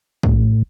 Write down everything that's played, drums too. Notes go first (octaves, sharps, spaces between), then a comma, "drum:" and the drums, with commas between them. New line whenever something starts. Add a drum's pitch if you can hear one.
A2, drum: kick